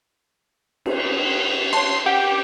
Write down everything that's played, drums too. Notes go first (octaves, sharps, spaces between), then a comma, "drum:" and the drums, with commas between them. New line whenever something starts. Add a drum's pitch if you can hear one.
drum: cymbal
C#5 A5 C6
C#4 G4 F#5 G5